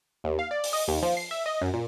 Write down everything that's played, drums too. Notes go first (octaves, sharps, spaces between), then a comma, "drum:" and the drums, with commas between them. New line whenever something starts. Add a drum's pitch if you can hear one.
D#2
F5
D5
drum: open hi-hat
D#5
D#2
F3
C7
E5
D#5
F#2
A#2